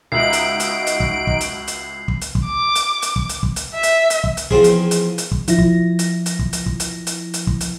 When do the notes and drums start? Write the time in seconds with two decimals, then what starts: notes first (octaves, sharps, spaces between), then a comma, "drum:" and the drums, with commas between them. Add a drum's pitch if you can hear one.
0.12 C#2 D#4 F#4 E5 C7 D7 F#7
0.33 drum: hi-hat
0.60 drum: hi-hat
0.87 drum: hi-hat
1.00 drum: kick
1.27 drum: kick
1.41 drum: hi-hat
1.68 drum: hi-hat
2.08 drum: kick
2.22 drum: hi-hat
2.35 drum: kick
2.45 D6
2.75 drum: hi-hat
3.02 drum: hi-hat
3.16 drum: kick
3.29 drum: hi-hat
3.43 drum: kick
3.56 drum: hi-hat
3.74 E5
3.83 drum: hi-hat
4.10 drum: hi-hat
4.24 drum: kick
4.37 drum: hi-hat
4.51 E2 F3 C4 G#4, drum: kick
4.64 drum: hi-hat
4.91 drum: hi-hat
5.18 drum: hi-hat
5.32 drum: kick
5.48 F3 E4 A#6, drum: hi-hat
5.58 drum: kick
5.99 drum: hi-hat
6.26 drum: hi-hat
6.39 drum: kick
6.53 drum: hi-hat
6.66 drum: kick
6.80 drum: hi-hat
7.07 drum: hi-hat
7.34 drum: hi-hat
7.47 drum: kick
7.61 drum: hi-hat